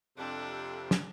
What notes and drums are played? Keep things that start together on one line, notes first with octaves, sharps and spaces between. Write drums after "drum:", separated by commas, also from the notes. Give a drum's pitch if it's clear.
F2 C3 D4 G4 A4 F#6
drum: snare